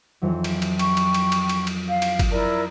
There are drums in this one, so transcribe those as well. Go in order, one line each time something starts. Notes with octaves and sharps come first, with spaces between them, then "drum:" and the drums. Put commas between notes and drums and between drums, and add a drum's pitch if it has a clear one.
F2 E3 F#3
drum: cymbal
drum: cymbal
G5 C#6, drum: cymbal
drum: cymbal
drum: cymbal
drum: cymbal
drum: cymbal
drum: cymbal
F5
drum: cymbal
drum: kick G1, cymbal
E4 A#4 D5 A#5